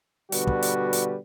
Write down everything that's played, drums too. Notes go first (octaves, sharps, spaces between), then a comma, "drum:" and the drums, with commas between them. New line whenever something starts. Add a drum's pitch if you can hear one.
B2 D3 G3 F#4 B4, drum: hi-hat
drum: kick
drum: hi-hat
drum: hi-hat